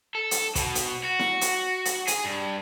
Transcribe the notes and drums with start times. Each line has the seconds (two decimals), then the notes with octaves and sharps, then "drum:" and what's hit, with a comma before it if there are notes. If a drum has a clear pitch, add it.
0.15 A4
0.31 drum: hi-hat
0.55 B2, drum: kick, hi-hat
0.75 drum: hi-hat
1.05 F#4
1.19 drum: snare E4
1.41 drum: hi-hat
1.85 drum: hi-hat
2.07 G#4, drum: hi-hat
2.25 G2